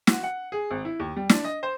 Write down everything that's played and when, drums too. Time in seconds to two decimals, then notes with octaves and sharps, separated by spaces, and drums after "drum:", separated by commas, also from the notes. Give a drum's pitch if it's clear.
0.07 F#4, drum: snare
0.23 F#5
0.52 G#4
0.71 G#1
0.85 E4
1.00 D#2
1.17 G3
1.29 D4, drum: snare
1.45 D#5
1.63 C5